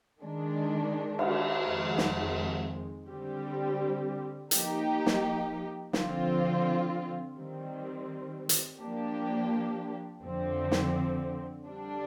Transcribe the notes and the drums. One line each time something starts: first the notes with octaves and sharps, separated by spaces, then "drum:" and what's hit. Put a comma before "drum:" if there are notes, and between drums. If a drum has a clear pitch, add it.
D#3 G#3 D4
drum: cymbal
F2 D#3 G#3 C4
drum: snare
D3 G3 C4 G4
F3 A#3 D#4 G4, drum: hi-hat
drum: snare
D3 F3 C4 F4, drum: snare
D#3 G3 C4
drum: hi-hat
F3 A#3 D4 G4
F2 D3 F3 C4
drum: snare
D3 G3 D4